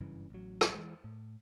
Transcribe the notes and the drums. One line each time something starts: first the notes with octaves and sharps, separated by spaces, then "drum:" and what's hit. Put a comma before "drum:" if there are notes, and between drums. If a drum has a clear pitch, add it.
F#1 G2 C#3 E3
A1 F#3
drum: rim click
E3 F3 G#3
A2